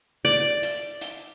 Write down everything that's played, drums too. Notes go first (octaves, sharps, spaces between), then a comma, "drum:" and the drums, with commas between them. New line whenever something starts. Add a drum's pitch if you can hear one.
D5
drum: hi-hat
drum: hi-hat